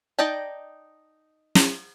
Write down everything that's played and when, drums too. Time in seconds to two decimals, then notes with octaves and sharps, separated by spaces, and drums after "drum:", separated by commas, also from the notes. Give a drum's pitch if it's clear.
0.19 D#4 D5 D#5 G5 A5
1.55 drum: snare